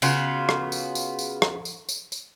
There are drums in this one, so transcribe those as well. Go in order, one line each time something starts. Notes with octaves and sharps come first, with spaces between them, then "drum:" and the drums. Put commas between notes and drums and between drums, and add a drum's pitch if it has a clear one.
C#3 B3 F4 F#4, drum: tambourine
drum: rim click
drum: tambourine
drum: tambourine
drum: tambourine
drum: rim click
drum: tambourine
drum: tambourine
drum: tambourine